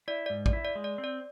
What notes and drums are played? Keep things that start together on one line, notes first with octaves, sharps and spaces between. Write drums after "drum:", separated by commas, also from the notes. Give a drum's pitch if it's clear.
E4 D5
G#2 D5
D5, drum: kick
E4
D5
G#3
D5
C4
D5